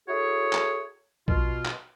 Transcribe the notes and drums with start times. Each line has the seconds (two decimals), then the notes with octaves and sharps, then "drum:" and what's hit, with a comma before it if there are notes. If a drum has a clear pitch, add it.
0.08 E4 F#4 G#4 A4 C#5
0.53 drum: clap
1.28 B2 F4, drum: kick A#1
1.66 drum: clap